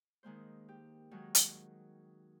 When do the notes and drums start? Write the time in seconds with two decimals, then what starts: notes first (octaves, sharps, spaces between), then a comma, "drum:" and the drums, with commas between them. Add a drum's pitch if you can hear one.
0.23 D#3 G#3 A#3 C5
0.69 G4
1.11 D#3 F#3 G#3 D#4
1.35 drum: hi-hat